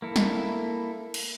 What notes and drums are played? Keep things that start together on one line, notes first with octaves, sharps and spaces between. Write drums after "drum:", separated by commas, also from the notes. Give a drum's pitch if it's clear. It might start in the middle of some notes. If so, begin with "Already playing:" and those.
A#3 E4 A4
drum: snare
drum: cymbal